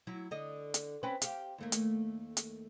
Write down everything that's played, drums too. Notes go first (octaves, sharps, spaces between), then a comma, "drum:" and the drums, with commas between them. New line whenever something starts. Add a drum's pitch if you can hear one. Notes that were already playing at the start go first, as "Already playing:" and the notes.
F#3 E4
D3 D#5
drum: hi-hat
C4 C#4 B4
G4 F5, drum: hi-hat
D#2 A3 A#3
drum: hi-hat
drum: hi-hat